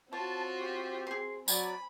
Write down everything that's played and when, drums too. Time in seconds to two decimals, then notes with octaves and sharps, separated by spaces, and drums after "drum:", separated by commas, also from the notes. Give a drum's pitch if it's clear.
0.13 C4 F4 F#4 C#5 A5
0.60 G4
1.07 G#4 C6
1.48 F#3 D5 G#5 B5, drum: tambourine